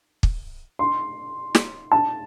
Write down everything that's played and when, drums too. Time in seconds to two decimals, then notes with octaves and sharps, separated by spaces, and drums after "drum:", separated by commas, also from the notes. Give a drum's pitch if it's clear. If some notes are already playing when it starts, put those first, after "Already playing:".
0.23 drum: kick
0.79 C6
1.55 drum: snare
1.92 A5